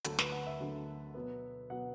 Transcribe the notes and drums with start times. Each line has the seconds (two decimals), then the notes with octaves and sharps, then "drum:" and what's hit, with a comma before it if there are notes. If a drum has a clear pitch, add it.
0.04 D2 D3 F#3 A4, drum: hi-hat
0.19 B4, drum: snare
0.32 F#5
0.46 E5
0.60 D2 D3 F#3
1.15 B2 F#3 B3
1.70 B2 F#3 B3 F#5